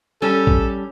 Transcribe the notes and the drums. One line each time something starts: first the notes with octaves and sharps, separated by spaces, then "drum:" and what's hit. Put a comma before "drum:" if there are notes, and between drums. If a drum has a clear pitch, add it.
G3 C#4 A4
drum: kick A1